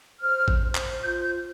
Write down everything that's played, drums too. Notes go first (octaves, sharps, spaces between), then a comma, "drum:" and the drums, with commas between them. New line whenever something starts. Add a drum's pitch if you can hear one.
C5 F6
drum: kick A1
C5
drum: clap
F4 G6
G6